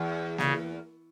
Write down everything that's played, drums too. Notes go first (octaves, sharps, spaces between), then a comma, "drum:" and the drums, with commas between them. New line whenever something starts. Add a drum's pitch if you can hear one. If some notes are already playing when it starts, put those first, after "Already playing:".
Already playing: E2
C#3, drum: snare A#3